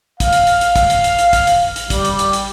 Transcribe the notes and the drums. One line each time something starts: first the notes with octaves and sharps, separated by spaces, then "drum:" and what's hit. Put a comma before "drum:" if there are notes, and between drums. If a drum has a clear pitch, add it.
F5, drum: kick, hi-hat
drum: hi-hat
drum: hi-hat
drum: hi-hat
drum: kick, hi-hat
drum: hi-hat
drum: hi-hat
drum: hi-hat
drum: kick, hi-hat
drum: hi-hat
drum: hi-hat
G3, drum: kick, hi-hat
drum: hi-hat
drum: hi-hat
drum: hi-hat